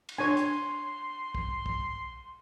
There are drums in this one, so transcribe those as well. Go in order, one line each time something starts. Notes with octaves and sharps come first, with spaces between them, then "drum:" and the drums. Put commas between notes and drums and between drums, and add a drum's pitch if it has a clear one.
drum: cymbal
D4 C#5 G#5 C6
drum: hi-hat
drum: kick
drum: kick